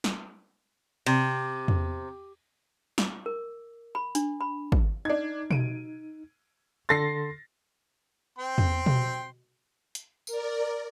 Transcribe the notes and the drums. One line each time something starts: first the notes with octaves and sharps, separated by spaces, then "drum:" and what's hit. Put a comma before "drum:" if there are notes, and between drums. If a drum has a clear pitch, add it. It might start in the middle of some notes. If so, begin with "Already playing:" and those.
drum: snare
C3, drum: cymbal
drum: tom E2
D6, drum: snare
A#4
B5
D4, drum: hi-hat
B5
drum: kick
D4 D#4 G#6
D7 D#7, drum: tom B2
D3 A4 C6 A6 A#6 C7
C4 G5 C6
drum: tom E2
drum: tom B2
drum: hi-hat
A#4 D5, drum: tambourine